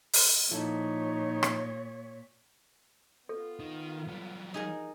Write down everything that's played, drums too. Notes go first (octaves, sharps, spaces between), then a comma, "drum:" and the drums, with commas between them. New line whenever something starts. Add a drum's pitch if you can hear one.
drum: open hi-hat
A#2 F3 D#4 E4 A4 C#5
drum: rim click
B3 F4 A4
D#3 D#4
F#3 G3
D#4 G#4 A#4